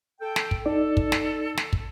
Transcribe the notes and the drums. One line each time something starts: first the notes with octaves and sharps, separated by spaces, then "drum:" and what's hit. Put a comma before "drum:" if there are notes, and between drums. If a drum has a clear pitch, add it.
A4 G5
drum: snare
drum: kick
D#4 A4 D5
drum: kick
drum: snare
drum: snare
drum: kick